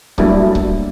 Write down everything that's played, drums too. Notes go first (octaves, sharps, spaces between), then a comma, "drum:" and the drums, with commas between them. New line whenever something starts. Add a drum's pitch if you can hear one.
F#3 G3 A3 A#3 D4 E4, drum: kick C#1
drum: kick C#1